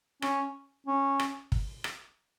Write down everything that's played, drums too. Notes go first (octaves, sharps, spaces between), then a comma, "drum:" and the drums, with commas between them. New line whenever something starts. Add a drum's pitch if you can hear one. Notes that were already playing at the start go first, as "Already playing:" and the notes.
C#4, drum: rim click
C#4
drum: rim click
drum: kick
drum: rim click